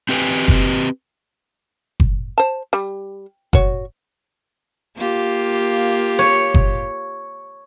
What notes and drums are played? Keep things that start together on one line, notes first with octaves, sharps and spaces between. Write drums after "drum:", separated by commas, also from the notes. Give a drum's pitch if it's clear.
C4 G4 B4 C5 G5 G#5
drum: kick F#1
drum: kick F#1
C5 A5
G3
F#4 C#5, drum: kick F#1
A#3 F4 G4
C#5
drum: kick F#1